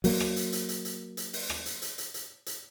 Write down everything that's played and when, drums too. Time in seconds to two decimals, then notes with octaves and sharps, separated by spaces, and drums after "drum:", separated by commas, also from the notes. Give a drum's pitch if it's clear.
0.04 F#3 A#3, drum: open hi-hat
0.20 drum: rim click
0.36 drum: hi-hat
0.52 drum: hi-hat
0.69 drum: hi-hat
0.85 drum: hi-hat
1.17 drum: hi-hat
1.33 drum: open hi-hat
1.49 drum: rim click
1.66 drum: hi-hat
1.82 drum: hi-hat
1.98 drum: hi-hat
2.14 drum: hi-hat
2.46 drum: hi-hat